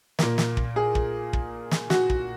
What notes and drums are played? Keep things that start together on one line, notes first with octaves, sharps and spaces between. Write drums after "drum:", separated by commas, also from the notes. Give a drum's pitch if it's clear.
A#2 A#3, drum: snare
drum: snare
drum: kick
G#4
drum: kick
drum: kick
drum: snare
F#4, drum: snare
drum: kick